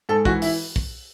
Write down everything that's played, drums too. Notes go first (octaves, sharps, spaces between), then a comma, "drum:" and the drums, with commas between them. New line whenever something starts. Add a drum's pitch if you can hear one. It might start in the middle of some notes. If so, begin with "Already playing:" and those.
G#2 A4
E3 F#4, drum: kick
E4, drum: open hi-hat
drum: kick